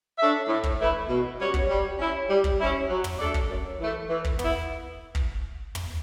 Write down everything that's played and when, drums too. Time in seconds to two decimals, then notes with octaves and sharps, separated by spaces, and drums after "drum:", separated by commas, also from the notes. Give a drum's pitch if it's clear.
0.18 D4 A4 C#5 E5
0.48 A2
0.63 drum: kick
0.79 E3 A3 E4 B4
1.09 B2
1.39 G3 C#4 F#4 C#5
1.54 drum: kick
1.69 G3
1.99 C#4 E4
2.29 G3
2.44 drum: kick
2.59 C#4 E4
2.89 F#3
3.04 drum: tom
3.19 A3 D4 A4 D5
3.34 drum: kick
3.49 F#2
3.79 E3 A3
4.10 E3
4.24 drum: kick
4.39 B3 E4, drum: tom
5.15 drum: kick
5.75 drum: tom